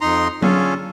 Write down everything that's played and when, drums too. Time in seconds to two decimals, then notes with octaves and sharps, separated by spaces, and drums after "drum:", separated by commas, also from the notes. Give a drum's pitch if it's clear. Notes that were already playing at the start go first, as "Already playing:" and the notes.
0.01 F2 D#4 A#5 C6
0.42 D3 C#4 F4 G#4 A4, drum: tom F#3